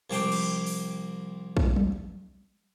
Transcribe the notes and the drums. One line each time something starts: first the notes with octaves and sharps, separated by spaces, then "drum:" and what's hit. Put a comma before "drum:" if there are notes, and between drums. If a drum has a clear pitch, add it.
C2 F3 G5 C6 D6
drum: cymbal
drum: open hi-hat
drum: kick
drum: tom F#3